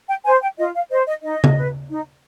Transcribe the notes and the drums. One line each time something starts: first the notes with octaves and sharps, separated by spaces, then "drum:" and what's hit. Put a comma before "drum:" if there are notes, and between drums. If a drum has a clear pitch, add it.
G5
C5 G#5
G5
F4 D#5
F5
C5 D#5
D#5
D#4 D#5
drum: tom C#3
B4
D#4